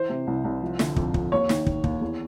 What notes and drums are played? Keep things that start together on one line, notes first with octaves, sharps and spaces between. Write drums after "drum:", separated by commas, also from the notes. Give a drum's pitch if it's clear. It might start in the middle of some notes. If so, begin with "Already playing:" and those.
Already playing: E3 C5
C3
C2
C2
F3
D3, drum: snare
F2, drum: kick
F2, drum: kick
D#2 C#5
D#3, drum: snare
D#3, drum: kick
D#2, drum: kick
E2